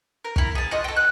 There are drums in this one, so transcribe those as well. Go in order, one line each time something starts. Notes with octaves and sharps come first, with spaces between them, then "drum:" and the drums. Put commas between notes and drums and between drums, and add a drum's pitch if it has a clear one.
A#4
E4 A#4, drum: kick
G#4 A5
F4 F#4 D#5
A4 G5
F#6